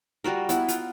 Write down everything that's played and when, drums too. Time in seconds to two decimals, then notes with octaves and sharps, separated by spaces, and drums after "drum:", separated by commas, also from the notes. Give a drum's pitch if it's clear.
0.24 G3 F4 F#4 A#4
0.49 B3 E4 F#5, drum: hi-hat
0.68 F4, drum: hi-hat